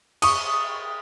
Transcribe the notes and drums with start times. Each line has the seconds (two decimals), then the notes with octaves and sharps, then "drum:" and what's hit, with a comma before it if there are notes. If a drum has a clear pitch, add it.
0.22 C#6 D#6, drum: cymbal